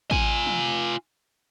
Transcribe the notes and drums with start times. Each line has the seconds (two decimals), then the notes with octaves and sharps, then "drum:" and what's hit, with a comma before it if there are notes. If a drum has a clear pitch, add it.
0.11 F4 G#5, drum: kick
0.46 drum: tom